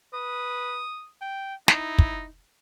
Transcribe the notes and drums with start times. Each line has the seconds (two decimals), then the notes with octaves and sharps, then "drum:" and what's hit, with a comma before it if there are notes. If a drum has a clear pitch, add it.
0.14 B4 D#6
1.22 G5
1.68 D#4 E4, drum: snare
1.98 drum: kick